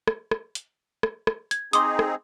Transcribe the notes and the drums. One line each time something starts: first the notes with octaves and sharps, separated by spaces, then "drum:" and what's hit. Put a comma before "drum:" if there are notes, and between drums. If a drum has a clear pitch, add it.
drum: rim click
drum: rim click
drum: hi-hat
drum: rim click
drum: rim click
G#6, drum: hi-hat
C4 D#4 G#4 C6 D6 D#6, drum: hi-hat
drum: rim click